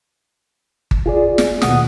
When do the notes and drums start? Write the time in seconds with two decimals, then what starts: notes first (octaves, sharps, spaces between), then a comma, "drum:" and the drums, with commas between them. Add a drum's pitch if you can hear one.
0.91 drum: kick G1
1.06 F4 G#4 D5
1.38 drum: snare
1.62 D#2 B2 F#5 D#6, drum: snare